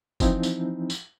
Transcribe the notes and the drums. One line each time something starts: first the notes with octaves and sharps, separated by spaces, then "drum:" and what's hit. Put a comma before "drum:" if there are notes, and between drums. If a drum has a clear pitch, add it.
E3 F3 C4 D#4 E4, drum: kick F#1, tambourine
drum: tambourine
drum: tambourine